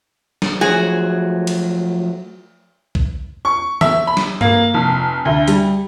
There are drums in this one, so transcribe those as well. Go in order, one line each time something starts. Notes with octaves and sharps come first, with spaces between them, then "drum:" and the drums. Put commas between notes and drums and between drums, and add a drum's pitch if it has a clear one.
drum: snare
F3 F#3 A3 F#4 G#4
drum: cymbal
drum: kick B1
C#6
E5, drum: tom
B5
drum: snare
A#3, drum: tom G2
F1
D2
G3, drum: hi-hat